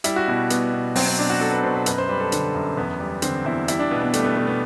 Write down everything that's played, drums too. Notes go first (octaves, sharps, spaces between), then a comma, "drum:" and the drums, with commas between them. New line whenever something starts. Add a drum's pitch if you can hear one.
G3 E4, drum: hi-hat
F#4
B2 E4
G3 B3, drum: hi-hat
B2
F#3 C4, drum: open hi-hat
C4
B2 D4
F#4
F#3 A4
B4
B2 C5
B4
F#2 B4, drum: hi-hat
C5
G3 B4
A4
D3 A4, drum: hi-hat
F#2
E2 B3
G3
D3 C4, drum: hi-hat
E2 E4
G3 E4, drum: hi-hat
D4
B2 B3
B3
G3 A3, drum: hi-hat
B3
B2 A3
B3